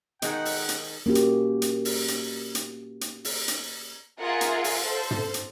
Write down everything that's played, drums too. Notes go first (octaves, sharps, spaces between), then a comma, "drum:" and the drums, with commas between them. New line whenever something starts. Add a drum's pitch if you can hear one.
B2 D#3 G#3 D#4 F#5 G5, drum: hi-hat
drum: open hi-hat
drum: hi-hat
A#3 C#4 F#4 G4
drum: hi-hat
drum: hi-hat
drum: open hi-hat
drum: hi-hat
drum: hi-hat
drum: hi-hat
drum: open hi-hat
drum: hi-hat
F4 G#4 A#4 E5 F#5
drum: hi-hat
drum: open hi-hat
A4 C5
drum: tom
drum: hi-hat